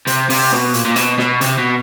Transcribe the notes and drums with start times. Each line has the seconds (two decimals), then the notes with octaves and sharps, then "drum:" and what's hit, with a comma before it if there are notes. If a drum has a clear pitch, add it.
0.07 C3, drum: hi-hat
0.30 C3, drum: open hi-hat
0.52 B2, drum: snare
0.74 A#2, drum: hi-hat
0.85 A#2
0.96 B2, drum: hi-hat
1.19 B2, drum: snare
1.41 C3, drum: hi-hat
1.58 B2